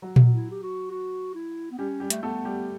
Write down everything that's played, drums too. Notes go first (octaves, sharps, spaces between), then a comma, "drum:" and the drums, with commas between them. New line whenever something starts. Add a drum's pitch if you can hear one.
F#3 F#4
drum: tom A#2
E4
G4
F#4
F#4
E4
B3
G3 C#4 G4
G3 G4
A3, drum: hi-hat
A3 B3 A4
G3 G4